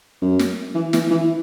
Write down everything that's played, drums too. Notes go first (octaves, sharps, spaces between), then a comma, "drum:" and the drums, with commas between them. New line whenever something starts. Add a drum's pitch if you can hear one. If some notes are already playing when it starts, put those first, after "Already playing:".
F#2
drum: snare
E3
E3, drum: snare
E3